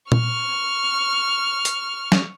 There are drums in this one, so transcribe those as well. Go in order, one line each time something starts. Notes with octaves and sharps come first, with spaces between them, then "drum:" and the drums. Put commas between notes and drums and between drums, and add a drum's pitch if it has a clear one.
C#6 F6, drum: tom A#2
drum: hi-hat
drum: snare